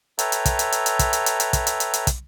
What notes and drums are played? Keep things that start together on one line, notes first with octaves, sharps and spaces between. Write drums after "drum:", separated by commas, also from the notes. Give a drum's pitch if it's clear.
A4 B4 C#5 E5 G5 A#5, drum: hi-hat
drum: hi-hat
drum: kick, hi-hat
drum: hi-hat
drum: hi-hat
drum: hi-hat
drum: kick, hi-hat
drum: hi-hat
drum: hi-hat
drum: hi-hat
drum: kick, hi-hat
drum: hi-hat
drum: hi-hat
drum: hi-hat
drum: kick, hi-hat